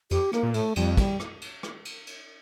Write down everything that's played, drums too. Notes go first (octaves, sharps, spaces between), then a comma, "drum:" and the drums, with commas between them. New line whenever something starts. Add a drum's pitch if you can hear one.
F2 G4, drum: cymbal
A#3, drum: rim click
A#2
A2 A3, drum: cymbal
F2 G3, drum: cymbal
G3, drum: kick, cymbal
drum: rim click
drum: cymbal
drum: rim click
drum: cymbal
drum: cymbal